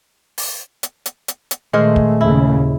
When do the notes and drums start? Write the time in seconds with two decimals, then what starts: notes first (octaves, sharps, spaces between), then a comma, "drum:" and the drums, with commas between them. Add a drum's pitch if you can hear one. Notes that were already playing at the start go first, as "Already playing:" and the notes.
0.38 drum: open hi-hat
0.83 drum: hi-hat
1.06 drum: hi-hat
1.28 drum: hi-hat
1.51 drum: hi-hat
1.73 A#2 D#3 G#3 A3 G#4 C5 F6
1.96 drum: kick
2.21 D#2 C#3 E4